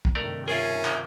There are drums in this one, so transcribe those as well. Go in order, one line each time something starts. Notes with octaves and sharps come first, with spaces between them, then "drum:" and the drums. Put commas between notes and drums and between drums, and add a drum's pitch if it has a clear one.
drum: kick
G2 C3 D#3 A3 A#4 D5
C#4 F4 G#4 A#4 E5
drum: clap